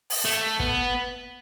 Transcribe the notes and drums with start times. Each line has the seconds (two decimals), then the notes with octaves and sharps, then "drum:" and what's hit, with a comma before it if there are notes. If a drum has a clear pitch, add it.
0.10 drum: open hi-hat
0.25 A3
0.59 B3, drum: kick